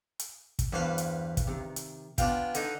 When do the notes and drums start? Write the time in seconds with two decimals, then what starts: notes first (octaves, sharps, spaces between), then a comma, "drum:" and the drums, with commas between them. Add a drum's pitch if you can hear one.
0.19 drum: hi-hat
0.59 drum: kick, hi-hat
0.73 E2 G2 E3 B4 C5 F5
0.98 drum: hi-hat
1.37 drum: kick, hi-hat
1.47 C3 D#3
1.76 drum: hi-hat
2.18 B3 D4 F4 F5 G5, drum: kick, hi-hat
2.55 D3 D#4, drum: hi-hat